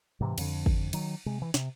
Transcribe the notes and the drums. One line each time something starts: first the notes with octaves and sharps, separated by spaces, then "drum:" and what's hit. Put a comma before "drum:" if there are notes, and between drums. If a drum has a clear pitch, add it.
G#2 C3 E3
F2 D3, drum: cymbal
drum: kick
D#3 F#3, drum: cymbal
C3 G#3
E3
C3, drum: snare